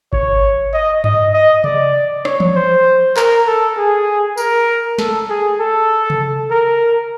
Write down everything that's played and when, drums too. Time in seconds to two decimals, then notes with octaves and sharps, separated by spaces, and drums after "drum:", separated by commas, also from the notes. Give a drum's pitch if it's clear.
0.13 C#5, drum: kick G#1
0.73 D#5
1.04 D#5, drum: tom G2
1.34 D#5
1.64 D5, drum: tom C3
2.25 C#5, drum: rim click
2.40 drum: tom E3
2.56 C5
3.17 A#4, drum: clap
3.47 A4
3.77 G#4
4.38 A#4, drum: tambourine
4.98 A4, drum: snare
5.30 G#4
5.60 A4
6.10 drum: tom C3
6.51 A#4